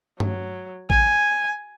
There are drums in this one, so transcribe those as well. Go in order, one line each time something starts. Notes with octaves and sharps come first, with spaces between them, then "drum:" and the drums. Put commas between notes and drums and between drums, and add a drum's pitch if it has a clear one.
F#3, drum: tom G2
G#5, drum: kick A1